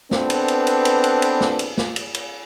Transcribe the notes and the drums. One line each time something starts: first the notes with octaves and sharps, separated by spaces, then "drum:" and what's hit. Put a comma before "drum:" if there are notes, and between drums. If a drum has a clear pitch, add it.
B3 C4 D4 A4 B4, drum: snare
drum: cymbal
drum: cymbal
drum: cymbal
drum: cymbal
drum: cymbal
drum: cymbal
drum: snare
drum: cymbal
drum: snare
drum: cymbal
drum: cymbal